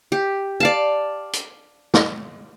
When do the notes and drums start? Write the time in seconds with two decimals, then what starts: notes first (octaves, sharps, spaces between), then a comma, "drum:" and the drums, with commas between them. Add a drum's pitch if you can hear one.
0.12 G4
0.60 D5 F5 A5
1.33 drum: hi-hat
1.94 drum: snare